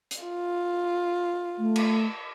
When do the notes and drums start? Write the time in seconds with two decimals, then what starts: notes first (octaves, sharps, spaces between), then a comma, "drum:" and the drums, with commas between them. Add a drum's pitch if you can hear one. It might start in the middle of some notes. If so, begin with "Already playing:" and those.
0.11 drum: hi-hat
0.24 F4
1.59 A3
1.76 drum: cymbal